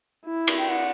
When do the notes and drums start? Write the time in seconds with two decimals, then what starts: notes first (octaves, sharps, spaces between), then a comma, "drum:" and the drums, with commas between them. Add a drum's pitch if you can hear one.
0.26 E4
0.47 drum: cymbal
0.58 G5
0.69 F#5